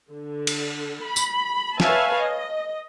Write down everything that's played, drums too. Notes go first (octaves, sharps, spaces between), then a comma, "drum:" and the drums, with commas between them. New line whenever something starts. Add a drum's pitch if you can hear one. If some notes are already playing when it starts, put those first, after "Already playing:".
D3
drum: cymbal
B5
drum: tambourine
B4 C#5 E5 F5 G#5 A5, drum: snare
D#5